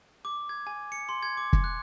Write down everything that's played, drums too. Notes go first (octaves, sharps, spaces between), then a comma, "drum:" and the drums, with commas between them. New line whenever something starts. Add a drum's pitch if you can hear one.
D6
G#6
G#5
C#7
C6
G#6
D6
drum: kick
F#6